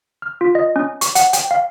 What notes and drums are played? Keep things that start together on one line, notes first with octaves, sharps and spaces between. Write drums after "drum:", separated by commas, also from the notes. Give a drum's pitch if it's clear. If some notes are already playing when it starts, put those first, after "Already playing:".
F6
F4
D#5
C#4
C#6, drum: hi-hat
F#5, drum: hi-hat
G5, drum: hi-hat
F5